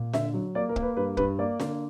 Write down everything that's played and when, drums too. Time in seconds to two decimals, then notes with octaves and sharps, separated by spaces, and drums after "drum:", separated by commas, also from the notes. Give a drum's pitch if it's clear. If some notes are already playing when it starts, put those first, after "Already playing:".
Already playing: A#2
0.14 D3 E5, drum: snare D4
0.34 F#3
0.55 A#3 D5
0.69 A#4
0.76 A#3, drum: kick
0.82 B4
0.97 G2 B4
1.17 G2 B4, drum: kick
1.39 A#3 D5
1.60 D3, drum: snare D4